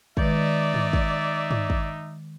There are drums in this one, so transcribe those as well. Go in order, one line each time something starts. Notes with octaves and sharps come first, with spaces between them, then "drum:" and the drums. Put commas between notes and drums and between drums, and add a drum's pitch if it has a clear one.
D#3 G#3 D#4 B4 D5 E5, drum: kick
drum: tom
drum: kick
drum: tom
drum: kick